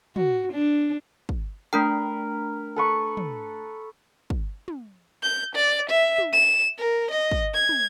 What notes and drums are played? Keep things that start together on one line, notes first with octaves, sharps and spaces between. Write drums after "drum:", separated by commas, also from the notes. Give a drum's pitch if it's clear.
F#4, drum: tom
D4
drum: kick
A3 D4 A#4 B4 G5
A4 B4 C#6
drum: tom
drum: kick
drum: tom
G6
D5
E5
drum: tom
E7
A#4
D#5
drum: kick
G#6
drum: tom